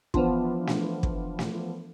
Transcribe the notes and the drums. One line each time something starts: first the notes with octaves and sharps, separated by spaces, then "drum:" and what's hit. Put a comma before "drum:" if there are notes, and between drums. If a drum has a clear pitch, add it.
E3 F3 B3 D4 F4, drum: kick
drum: snare
drum: kick
drum: snare